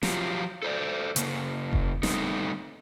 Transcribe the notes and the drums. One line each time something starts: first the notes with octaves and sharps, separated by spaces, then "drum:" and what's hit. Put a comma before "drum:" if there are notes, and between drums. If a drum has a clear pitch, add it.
F3 F#3 F4 G4, drum: snare
A4 C5 D5
C#3 A#3, drum: hi-hat
drum: kick F1
G3 A3 B3 C4 D#4, drum: snare